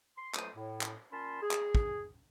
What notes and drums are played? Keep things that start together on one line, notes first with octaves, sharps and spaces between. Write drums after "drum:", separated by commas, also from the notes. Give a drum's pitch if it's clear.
C6
F2 F#3 A3 B4 C5 D#6, drum: clap
A2
drum: clap
A#2 C#4 A5 B5 C6
G#4
drum: clap
drum: kick